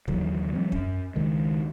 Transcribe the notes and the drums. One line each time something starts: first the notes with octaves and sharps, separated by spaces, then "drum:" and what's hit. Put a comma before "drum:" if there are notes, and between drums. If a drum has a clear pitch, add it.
D#2 D3 E3 F#3, drum: kick
E3 F#3 G#3 C4
F#2 C#4, drum: kick
C#2 D#3 G#3